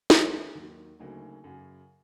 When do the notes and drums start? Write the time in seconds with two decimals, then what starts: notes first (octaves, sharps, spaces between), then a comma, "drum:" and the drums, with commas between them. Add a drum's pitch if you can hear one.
0.10 D#3 G#3 B3 E4 G#4, drum: snare
0.55 D#2 D#3 F#3
0.99 D2 C#3 F#3 A#3 D#4
1.44 F#2 C#3 F#3